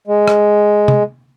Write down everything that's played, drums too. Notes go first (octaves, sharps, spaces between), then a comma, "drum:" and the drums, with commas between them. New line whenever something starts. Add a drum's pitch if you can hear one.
G#3
drum: rim click
drum: tom